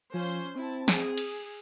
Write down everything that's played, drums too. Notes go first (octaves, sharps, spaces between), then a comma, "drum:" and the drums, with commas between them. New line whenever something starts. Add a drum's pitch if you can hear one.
F3 C#4 C5
C4 E4 A5
G#4, drum: snare
drum: cymbal